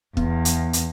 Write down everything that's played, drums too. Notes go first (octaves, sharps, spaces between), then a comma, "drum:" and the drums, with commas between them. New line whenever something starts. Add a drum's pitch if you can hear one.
E2 B3, drum: kick
drum: hi-hat
drum: hi-hat